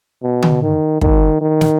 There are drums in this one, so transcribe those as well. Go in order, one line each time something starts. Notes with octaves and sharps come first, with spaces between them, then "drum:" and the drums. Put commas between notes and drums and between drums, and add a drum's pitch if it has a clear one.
B2
drum: tom D3
D#3
D#3, drum: kick
D#3
drum: snare